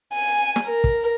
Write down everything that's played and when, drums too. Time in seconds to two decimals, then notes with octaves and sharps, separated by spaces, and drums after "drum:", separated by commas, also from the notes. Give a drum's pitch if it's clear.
0.14 G#5
0.56 drum: snare
0.65 A#4
0.84 drum: kick